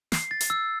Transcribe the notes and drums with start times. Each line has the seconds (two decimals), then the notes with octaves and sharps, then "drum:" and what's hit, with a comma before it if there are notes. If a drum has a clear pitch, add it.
0.12 C7, drum: snare
0.31 A6
0.41 drum: hi-hat
0.50 E6